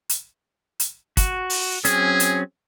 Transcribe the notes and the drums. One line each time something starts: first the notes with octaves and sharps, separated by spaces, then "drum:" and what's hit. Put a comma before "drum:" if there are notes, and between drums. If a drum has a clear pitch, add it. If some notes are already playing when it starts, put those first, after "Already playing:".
drum: hi-hat
drum: hi-hat
F#4, drum: kick, hi-hat
drum: open hi-hat
F#3 C4 C#4 G#4, drum: hi-hat
drum: hi-hat